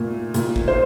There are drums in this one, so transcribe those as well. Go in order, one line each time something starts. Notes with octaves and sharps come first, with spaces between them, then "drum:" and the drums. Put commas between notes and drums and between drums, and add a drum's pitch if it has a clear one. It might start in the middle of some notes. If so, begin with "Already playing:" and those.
Already playing: A#2 A3
A#2, drum: hi-hat
drum: kick A1
C5